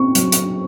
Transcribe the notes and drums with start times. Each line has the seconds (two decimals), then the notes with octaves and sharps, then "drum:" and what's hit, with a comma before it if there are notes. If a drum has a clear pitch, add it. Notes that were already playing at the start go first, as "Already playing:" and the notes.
Already playing: C4 C#6
0.15 F#3, drum: hi-hat
0.32 drum: hi-hat